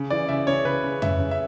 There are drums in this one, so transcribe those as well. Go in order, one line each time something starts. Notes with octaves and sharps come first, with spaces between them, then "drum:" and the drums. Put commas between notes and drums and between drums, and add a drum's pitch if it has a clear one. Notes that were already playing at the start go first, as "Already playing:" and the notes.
Already playing: C#3
E3 D5
C#3 E5
C#3 C#5
C#3 B4
C#3
C#3 E5, drum: tom F2
C#3
E5